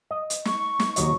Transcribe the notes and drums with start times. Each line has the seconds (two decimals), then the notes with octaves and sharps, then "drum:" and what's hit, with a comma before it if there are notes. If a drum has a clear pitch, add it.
0.11 D#5
0.30 drum: hi-hat
0.45 C#6, drum: snare
0.80 drum: snare
0.96 D#2 F#3 D#5, drum: hi-hat